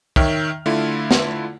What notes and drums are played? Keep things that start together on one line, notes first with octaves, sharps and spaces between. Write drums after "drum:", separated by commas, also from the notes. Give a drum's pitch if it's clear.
D#3 C#5 E5 G5 F6, drum: kick
D3 A3 E4 F4
drum: snare